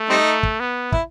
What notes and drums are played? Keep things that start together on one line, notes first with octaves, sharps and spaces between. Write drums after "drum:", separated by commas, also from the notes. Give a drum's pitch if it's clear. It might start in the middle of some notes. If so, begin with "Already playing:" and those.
Already playing: A3
G3 C4 D#4
drum: kick
B3
E4, drum: kick